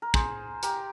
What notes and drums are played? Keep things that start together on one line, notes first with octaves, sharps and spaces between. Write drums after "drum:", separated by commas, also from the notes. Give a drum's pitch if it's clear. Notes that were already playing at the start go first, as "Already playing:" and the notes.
A#4
G#4 C5, drum: kick
G4 A#4, drum: hi-hat